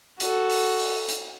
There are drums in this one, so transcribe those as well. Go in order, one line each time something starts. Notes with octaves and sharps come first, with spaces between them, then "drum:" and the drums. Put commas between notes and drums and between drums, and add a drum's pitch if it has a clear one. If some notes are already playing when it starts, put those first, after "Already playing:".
F#4 A4, drum: hi-hat
drum: open hi-hat
drum: open hi-hat
drum: hi-hat